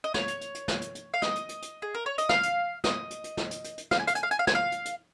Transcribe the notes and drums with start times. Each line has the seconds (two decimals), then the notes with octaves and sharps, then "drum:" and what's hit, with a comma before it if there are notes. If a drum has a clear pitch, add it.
0.04 D#5
0.14 C#5, drum: snare
0.28 drum: hi-hat
0.41 drum: hi-hat
0.55 drum: hi-hat
0.68 drum: snare
0.82 drum: hi-hat
0.95 drum: hi-hat
1.14 F5
1.22 D#5, drum: snare
1.35 drum: hi-hat
1.49 drum: hi-hat
1.62 drum: hi-hat
1.82 G#4
1.95 A#4
2.06 C#5
2.18 D#5, drum: hi-hat
2.29 F5, drum: snare
2.43 drum: hi-hat
2.84 D#5, drum: snare
3.10 drum: hi-hat
3.24 drum: hi-hat
3.37 drum: snare
3.51 drum: hi-hat
3.64 drum: hi-hat
3.78 drum: hi-hat
3.91 F5, drum: snare
4.00 G#5
4.07 F5, drum: hi-hat
4.15 G#5, drum: hi-hat
4.23 F5
4.31 G#5, drum: hi-hat
4.39 F5
4.47 G#5, drum: snare
4.55 F5
4.72 drum: hi-hat
4.85 drum: hi-hat